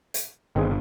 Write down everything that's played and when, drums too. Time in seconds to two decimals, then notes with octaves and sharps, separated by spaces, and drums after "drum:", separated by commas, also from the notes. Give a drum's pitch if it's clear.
0.14 drum: hi-hat
0.56 G1 D#3 C4 G#4